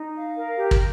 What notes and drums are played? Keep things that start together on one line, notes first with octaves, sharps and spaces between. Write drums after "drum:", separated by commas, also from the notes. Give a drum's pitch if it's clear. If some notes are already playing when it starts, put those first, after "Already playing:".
Already playing: D#4
F5
A#4
G4
drum: kick